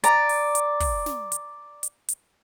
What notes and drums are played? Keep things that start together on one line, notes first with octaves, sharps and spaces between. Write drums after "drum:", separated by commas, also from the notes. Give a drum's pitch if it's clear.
D5 A#5, drum: hi-hat
drum: open hi-hat
drum: hi-hat
drum: kick, open hi-hat
drum: snare
drum: hi-hat
drum: hi-hat
drum: hi-hat